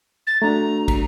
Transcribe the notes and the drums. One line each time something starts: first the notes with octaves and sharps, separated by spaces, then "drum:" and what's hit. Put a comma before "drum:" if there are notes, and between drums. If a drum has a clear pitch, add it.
A6
A3 D4 F#4 A#5
drum: kick, cymbal